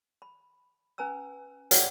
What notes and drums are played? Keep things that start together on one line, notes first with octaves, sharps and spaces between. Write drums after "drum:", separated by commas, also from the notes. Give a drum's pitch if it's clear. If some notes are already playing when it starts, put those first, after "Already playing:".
B5
C#4 B4 G#5 A#5 E6
F#4 G#4 C#5 D5 F#5 G5, drum: hi-hat